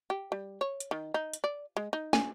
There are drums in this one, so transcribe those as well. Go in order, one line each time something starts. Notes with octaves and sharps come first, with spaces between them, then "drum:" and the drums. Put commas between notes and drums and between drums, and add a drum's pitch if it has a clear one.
G4
G3
C#5
drum: hi-hat
D#3
D#4
drum: hi-hat
D5
G#3
D#4
G#5, drum: snare